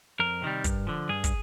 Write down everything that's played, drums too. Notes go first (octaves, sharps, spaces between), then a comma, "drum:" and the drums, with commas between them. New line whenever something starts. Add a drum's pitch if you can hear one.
F2 A#4
C3 D#3 G3
G2, drum: kick, hi-hat
D3 F3
G2 G#4
drum: kick, hi-hat